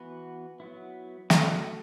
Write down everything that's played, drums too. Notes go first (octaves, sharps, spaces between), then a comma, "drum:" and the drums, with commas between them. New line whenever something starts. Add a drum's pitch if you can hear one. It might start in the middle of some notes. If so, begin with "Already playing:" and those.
Already playing: E3 B3 F#4 B4
F#3 B3 E4
A3 F#4 A4, drum: snare